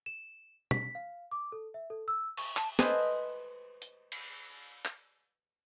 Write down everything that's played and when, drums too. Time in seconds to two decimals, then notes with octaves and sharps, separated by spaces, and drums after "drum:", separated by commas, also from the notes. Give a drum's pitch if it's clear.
0.06 E7
0.71 B6, drum: tom
0.95 F5
1.32 D6
1.52 A4
1.74 E5
1.90 A4
2.08 E6
2.37 C#6, drum: cymbal
2.57 A5, drum: clap
2.79 B4 C5 D#5 E5 G#5 A5, drum: snare
3.82 drum: hi-hat
4.12 drum: cymbal
4.85 drum: clap